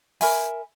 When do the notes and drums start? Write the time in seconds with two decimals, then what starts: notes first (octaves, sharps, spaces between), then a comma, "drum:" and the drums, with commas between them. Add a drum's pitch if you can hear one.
0.21 A#4 E5 G#5 B5, drum: open hi-hat